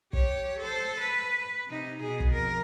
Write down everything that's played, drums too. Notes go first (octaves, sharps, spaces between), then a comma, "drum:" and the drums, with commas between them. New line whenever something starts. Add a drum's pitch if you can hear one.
G4 C#5, drum: kick
A4 C5
B4
C3 D#4
B2 G#4
drum: kick
F2 A#4